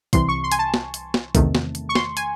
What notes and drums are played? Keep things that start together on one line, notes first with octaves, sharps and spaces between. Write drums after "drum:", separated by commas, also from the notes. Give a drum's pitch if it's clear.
C2 C3 E3 C6, drum: kick B1, hi-hat
C#6
C6
G#5, drum: hi-hat
A5
drum: snare
drum: hi-hat
drum: snare
E2 C3 D#3 A3, drum: kick B1, hi-hat
drum: snare
drum: hi-hat
C#6
C6, drum: snare
G#5, drum: hi-hat